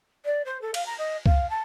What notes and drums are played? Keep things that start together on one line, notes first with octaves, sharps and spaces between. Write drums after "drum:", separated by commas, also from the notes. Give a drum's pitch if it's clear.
D5
C5
A4
F5, drum: cymbal
A#5
D#5
F5, drum: kick
A5